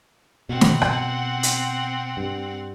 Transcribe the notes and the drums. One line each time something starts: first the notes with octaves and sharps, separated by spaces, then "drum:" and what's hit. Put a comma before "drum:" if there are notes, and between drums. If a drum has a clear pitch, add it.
B2 C4 F#5
drum: snare
drum: rim click
drum: hi-hat
G2